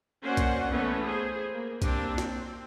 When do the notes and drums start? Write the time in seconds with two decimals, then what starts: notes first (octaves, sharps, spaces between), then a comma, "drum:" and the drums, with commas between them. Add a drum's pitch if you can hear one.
0.23 A#3 C#4 F#4 C5 D5 F#5
0.37 drum: kick B1, hi-hat
0.69 E3 A3 B3 C#4
1.05 G#4 C5
1.53 A#3
1.82 A#3 C4 D4 G4, drum: kick B1, hi-hat
2.18 C4, drum: snare